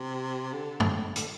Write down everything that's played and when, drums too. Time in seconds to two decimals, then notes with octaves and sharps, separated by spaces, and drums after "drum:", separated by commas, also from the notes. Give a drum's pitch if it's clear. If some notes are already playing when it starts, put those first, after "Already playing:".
Already playing: C3
0.53 D3
0.80 drum: tom
1.16 D3, drum: hi-hat